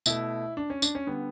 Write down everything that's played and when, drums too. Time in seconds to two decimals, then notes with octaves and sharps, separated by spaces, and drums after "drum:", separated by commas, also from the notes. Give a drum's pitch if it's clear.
0.06 B2 A3 E4, drum: tambourine
0.57 D4
0.70 C#4
0.82 D4, drum: tambourine
0.95 C#4
1.07 D3 G3 B3